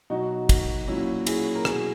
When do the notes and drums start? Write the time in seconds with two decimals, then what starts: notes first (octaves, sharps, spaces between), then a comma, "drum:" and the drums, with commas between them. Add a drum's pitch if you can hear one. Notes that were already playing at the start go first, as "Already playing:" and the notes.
0.10 B2 F#3 D#4 F#4
0.49 drum: kick, cymbal
0.88 A#2 F#3 C#4 E4
1.27 E4 G#4, drum: cymbal
1.55 A#4
1.65 B2 F#3 E4 G#4, drum: rim click